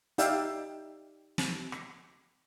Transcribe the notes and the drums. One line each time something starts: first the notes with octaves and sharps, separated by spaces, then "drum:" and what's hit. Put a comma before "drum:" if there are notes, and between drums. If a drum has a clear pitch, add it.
D#4 G4 D5 E5 F5 G5, drum: hi-hat
drum: snare
drum: rim click